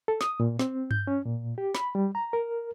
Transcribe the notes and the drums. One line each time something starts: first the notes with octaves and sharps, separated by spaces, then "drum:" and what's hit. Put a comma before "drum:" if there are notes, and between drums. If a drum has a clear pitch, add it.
A4
D#6, drum: snare
A#2
C4, drum: snare
G6, drum: tom G2
C#4
A#2
G4
B5, drum: snare
G3
A#5
A#4